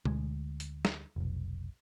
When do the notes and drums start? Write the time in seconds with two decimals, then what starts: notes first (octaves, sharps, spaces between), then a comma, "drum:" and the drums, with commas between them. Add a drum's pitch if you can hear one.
0.05 D2 G#3, drum: tom B2
0.60 drum: hi-hat
0.85 drum: snare
1.16 F1 B1